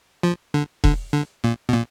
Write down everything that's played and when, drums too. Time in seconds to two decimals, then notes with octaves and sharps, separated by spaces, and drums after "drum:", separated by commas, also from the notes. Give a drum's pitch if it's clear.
0.23 F3
0.54 D3
0.84 D3, drum: kick E1
1.13 D3
1.44 A#2
1.69 B2
1.73 A#2